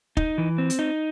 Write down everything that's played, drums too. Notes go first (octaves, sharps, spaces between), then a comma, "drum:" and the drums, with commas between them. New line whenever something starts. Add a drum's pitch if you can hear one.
D#4, drum: kick
E3
C4
drum: hi-hat
D#4